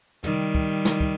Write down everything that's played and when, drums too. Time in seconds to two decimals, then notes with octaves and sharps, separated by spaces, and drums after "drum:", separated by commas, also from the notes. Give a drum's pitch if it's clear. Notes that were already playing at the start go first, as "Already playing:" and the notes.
0.24 D#3 G3, drum: tom
0.55 drum: kick
0.85 drum: snare
1.00 drum: kick